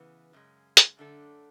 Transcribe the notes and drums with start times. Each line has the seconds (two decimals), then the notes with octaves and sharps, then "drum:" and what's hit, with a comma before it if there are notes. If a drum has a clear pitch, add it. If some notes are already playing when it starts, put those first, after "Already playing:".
Already playing: C#3 E3 B3
0.33 F#2 C#3 G#3
0.77 drum: hi-hat
0.97 F#2 D3 A3 D4 A4